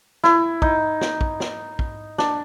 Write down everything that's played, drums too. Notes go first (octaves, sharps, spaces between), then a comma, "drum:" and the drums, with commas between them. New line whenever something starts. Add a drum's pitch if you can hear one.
E4, drum: snare
D#4, drum: kick
drum: snare
drum: kick
drum: snare
drum: kick
D4, drum: snare